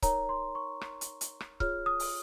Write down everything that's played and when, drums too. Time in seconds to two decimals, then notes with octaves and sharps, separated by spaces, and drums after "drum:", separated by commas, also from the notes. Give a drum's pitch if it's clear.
0.02 D#4 A#4 C#5 A#5, drum: kick C#1, hi-hat
0.29 C6
0.55 C#6
0.81 drum: rim click
1.01 drum: hi-hat
1.21 drum: hi-hat
1.40 drum: rim click
1.60 F4 G#4 C#5 F6, drum: kick C#1
1.86 D#6
2.00 drum: open hi-hat